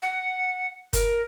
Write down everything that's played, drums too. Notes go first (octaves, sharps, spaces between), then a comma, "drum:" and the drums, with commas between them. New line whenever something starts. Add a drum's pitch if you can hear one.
F#5
A#4, drum: kick F#1, hi-hat